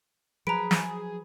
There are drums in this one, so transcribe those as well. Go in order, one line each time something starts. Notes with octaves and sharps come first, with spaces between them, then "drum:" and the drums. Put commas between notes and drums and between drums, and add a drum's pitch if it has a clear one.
F3 F#3 G#4 B4 A#5 D7
drum: snare